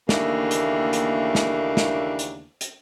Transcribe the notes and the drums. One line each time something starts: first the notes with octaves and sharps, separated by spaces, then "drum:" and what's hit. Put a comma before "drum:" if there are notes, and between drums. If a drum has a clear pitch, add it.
D#2 C#3 E3 A3 A#3 D4, drum: snare
drum: hi-hat
drum: hi-hat
drum: snare
drum: snare
drum: hi-hat
drum: hi-hat